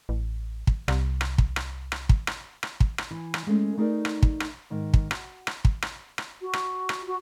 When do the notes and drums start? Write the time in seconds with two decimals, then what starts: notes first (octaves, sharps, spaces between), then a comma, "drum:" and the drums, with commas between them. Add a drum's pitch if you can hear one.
0.09 A1
0.67 drum: kick
0.88 C2, drum: rim click
1.21 drum: rim click
1.38 drum: kick
1.56 drum: rim click
1.92 drum: rim click
2.09 drum: kick
2.27 drum: rim click
2.63 drum: rim click
2.80 drum: kick
2.98 drum: rim click
3.11 E3
3.34 drum: rim click
3.47 G#3 A3 C#4
3.77 A3 D#4 G#4 A#4 D5
4.05 drum: rim click
4.23 drum: kick
4.40 drum: rim click
4.70 G#2 D#3
4.94 drum: kick
5.11 F#4, drum: rim click
5.47 drum: rim click
5.65 drum: kick
5.82 drum: rim click
6.18 drum: rim click
6.41 F#4
6.53 drum: rim click
6.89 drum: rim click
7.07 F#4